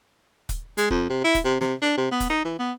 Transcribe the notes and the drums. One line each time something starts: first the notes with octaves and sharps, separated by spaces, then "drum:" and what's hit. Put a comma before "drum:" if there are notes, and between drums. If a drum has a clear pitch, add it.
drum: kick, hi-hat
G#3, drum: hi-hat
F2, drum: kick
C3
E4
drum: kick, hi-hat
C3
C3, drum: snare
D4
C3
B3
drum: kick, hi-hat
D#4
E3
B3